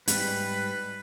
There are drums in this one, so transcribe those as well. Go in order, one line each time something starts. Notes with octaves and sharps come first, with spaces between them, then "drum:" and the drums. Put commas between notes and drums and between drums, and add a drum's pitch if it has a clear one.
G#2 G3 B4, drum: hi-hat